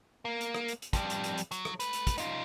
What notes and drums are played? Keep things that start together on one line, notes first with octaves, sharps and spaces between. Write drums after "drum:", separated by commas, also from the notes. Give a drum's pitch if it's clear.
A#3
drum: hi-hat
drum: rim click
drum: hi-hat
drum: hi-hat
F2 G3, drum: kick, hi-hat
drum: hi-hat
drum: hi-hat
drum: hi-hat
F#3, drum: hi-hat
drum: rim click
A3 B4, drum: hi-hat
drum: hi-hat
drum: kick, hi-hat
D#4 F4, drum: hi-hat